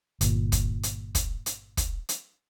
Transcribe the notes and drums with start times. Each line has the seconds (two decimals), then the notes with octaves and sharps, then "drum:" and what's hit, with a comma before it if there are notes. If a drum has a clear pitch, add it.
0.21 G1 A#2, drum: hi-hat
0.52 drum: kick, hi-hat
0.83 drum: hi-hat
1.15 drum: kick, hi-hat
1.46 drum: hi-hat
1.77 drum: kick, hi-hat
2.09 drum: hi-hat